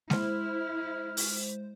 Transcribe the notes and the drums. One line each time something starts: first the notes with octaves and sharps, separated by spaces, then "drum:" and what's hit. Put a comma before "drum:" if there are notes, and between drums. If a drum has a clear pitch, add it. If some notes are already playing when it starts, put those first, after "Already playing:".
G#3 E4 C5 F6, drum: snare G#3
drum: open hi-hat